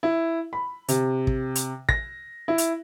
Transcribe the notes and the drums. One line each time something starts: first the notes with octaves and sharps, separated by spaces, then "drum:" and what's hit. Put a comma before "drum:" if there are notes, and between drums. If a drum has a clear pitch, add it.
E4
B5
C3, drum: hi-hat
drum: kick
drum: hi-hat
A#6, drum: kick
E4
drum: hi-hat